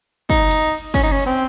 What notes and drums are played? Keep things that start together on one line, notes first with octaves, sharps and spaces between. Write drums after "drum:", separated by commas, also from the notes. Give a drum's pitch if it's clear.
D#4, drum: kick
drum: cymbal
C#4, drum: kick, cymbal
D#4
C#4
C4